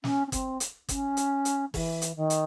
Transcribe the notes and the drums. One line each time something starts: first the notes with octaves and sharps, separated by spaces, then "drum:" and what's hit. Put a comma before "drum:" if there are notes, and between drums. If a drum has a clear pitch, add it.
C#4, drum: snare
C#4
C4, drum: kick, hi-hat
drum: hi-hat
C#4, drum: kick, hi-hat
drum: hi-hat
drum: hi-hat
E3, drum: kick, open hi-hat
drum: hi-hat
D#3
drum: hi-hat